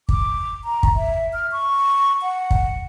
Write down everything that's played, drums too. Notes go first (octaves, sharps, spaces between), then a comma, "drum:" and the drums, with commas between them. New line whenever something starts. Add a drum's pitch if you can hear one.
D6, drum: kick
A#5
drum: kick
E5
F6
C#6
F#5
drum: kick